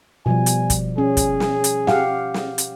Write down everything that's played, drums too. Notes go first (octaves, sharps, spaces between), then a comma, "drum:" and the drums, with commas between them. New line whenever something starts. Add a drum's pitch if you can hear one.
B2 F3 G3 G#5
drum: hi-hat
drum: kick, hi-hat
C#4 G#4
drum: kick, hi-hat
drum: snare
drum: hi-hat
G4 F5 F#5, drum: snare
drum: snare
drum: hi-hat